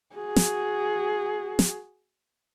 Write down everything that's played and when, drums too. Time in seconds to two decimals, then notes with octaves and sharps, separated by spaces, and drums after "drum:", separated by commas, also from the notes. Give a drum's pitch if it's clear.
0.15 F#4 G#4
0.36 drum: snare
1.59 drum: snare